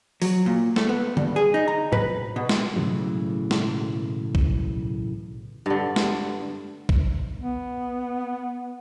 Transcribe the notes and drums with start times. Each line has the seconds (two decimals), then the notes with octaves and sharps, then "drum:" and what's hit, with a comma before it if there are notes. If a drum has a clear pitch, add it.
0.22 F#3, drum: open hi-hat
0.46 A#2
0.76 A3, drum: snare
0.89 B3
1.17 G2, drum: tom D3
1.36 G#4
1.54 D#4
1.68 A#5
1.93 B4, drum: tom A2
2.36 B2
2.49 drum: snare
2.76 B1 A2 C#3 E3 F#3
3.51 drum: snare
4.35 drum: kick
5.66 G2 D3
5.96 drum: snare
6.89 drum: kick
7.37 B3